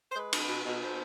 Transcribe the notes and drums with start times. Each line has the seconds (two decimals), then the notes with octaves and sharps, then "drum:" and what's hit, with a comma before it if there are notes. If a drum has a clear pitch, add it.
0.12 C5
0.16 G#3 B4
0.33 B2, drum: cymbal
0.49 B2
0.65 B2
0.81 B2 C5